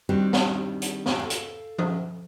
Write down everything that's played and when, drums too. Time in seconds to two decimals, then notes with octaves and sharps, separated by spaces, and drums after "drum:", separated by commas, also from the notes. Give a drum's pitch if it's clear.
0.09 D#3 G3 C4 D4 F#4 G4
0.33 drum: snare
0.82 drum: hi-hat
1.06 drum: snare
1.19 A4 F5
1.30 drum: hi-hat
1.78 drum: tom F3